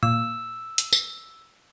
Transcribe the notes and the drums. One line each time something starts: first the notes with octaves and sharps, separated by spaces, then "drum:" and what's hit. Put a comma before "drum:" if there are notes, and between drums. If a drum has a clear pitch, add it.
A#2 E6
drum: hi-hat
drum: tambourine